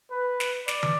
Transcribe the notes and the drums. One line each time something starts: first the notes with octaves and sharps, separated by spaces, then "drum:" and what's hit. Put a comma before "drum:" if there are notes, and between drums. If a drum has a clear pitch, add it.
B4
drum: snare
D5, drum: snare
drum: tom